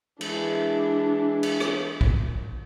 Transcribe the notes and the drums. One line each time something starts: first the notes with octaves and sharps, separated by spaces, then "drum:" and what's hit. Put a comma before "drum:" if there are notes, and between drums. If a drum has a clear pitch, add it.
E3 G#3 D4 E4, drum: cymbal
drum: cymbal
drum: rim click
drum: kick